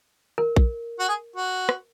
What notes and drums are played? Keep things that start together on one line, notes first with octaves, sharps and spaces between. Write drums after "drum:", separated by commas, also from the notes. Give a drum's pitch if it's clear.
A#4
drum: kick A#1
F#4
G#4
F#4
drum: rim click